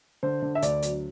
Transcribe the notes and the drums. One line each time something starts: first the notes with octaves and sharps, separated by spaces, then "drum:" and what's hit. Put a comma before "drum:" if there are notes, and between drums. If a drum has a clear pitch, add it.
D3 C5
D3
E5
D2 D5, drum: hi-hat
F#3, drum: hi-hat